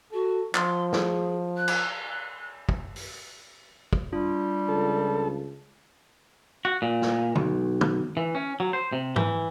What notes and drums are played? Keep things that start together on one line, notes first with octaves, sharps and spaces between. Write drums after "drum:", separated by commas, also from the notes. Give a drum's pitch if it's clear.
F#4 A4
F3 C6, drum: clap
G#4, drum: snare
F#6
drum: cymbal
drum: kick
drum: open hi-hat
drum: kick
G3 D4 F4
C#2 A4
F#4
A#2
drum: snare
B1, drum: tom
drum: tom
E3
C#4
F#3
C5
C3
E3, drum: tom